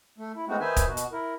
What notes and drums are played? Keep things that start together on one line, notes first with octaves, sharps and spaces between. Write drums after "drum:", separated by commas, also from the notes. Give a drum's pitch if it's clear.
A3
E4
G#3 A3 B3 C4 D#4 F#4
D#3 D#4 B4 C5 E5 G#5
drum: kick, hi-hat
B2 F#4
drum: hi-hat
E4 A#4